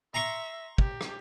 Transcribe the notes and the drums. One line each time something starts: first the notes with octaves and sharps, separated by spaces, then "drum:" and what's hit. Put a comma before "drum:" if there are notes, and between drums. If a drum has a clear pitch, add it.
E5 A#5 C6 C#6
G4, drum: kick
drum: rim click